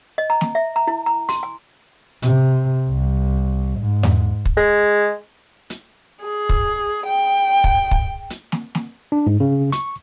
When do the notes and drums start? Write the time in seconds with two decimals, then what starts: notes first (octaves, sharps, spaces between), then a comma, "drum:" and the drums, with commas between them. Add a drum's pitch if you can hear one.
0.18 D#5
0.30 A#5
0.41 drum: snare
0.55 E5
0.76 A#5
0.87 E4
1.06 A#5
1.29 C6, drum: open hi-hat
1.43 G#5
2.22 C3, drum: hi-hat
2.90 C2
3.80 G#2
4.03 drum: tom E2
4.46 drum: kick
4.57 G#3
5.70 drum: hi-hat
6.24 G#4
6.49 drum: kick
7.06 G5
7.64 drum: kick
7.91 drum: kick
8.30 drum: hi-hat
8.52 drum: snare
8.75 drum: snare
9.12 D4
9.27 G#2
9.40 C#3
9.72 C#6, drum: hi-hat